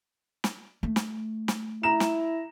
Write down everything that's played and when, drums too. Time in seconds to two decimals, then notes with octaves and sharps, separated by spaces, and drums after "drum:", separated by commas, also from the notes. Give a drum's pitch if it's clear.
0.44 drum: snare
0.83 A3
0.96 drum: snare
1.48 drum: snare
1.83 E4 A#5 E7
2.00 drum: snare